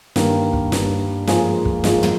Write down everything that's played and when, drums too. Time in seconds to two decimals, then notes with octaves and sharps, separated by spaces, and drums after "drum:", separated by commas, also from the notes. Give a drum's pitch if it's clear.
0.16 G2 D#3 A#3, drum: snare
0.53 drum: kick
0.72 G2 D#3 A#3, drum: snare
1.27 G#2 F3 A#3 F4 G#4, drum: snare
1.65 drum: kick
1.84 G#2 F3 A#3 F4 G#4, drum: snare
2.03 drum: tom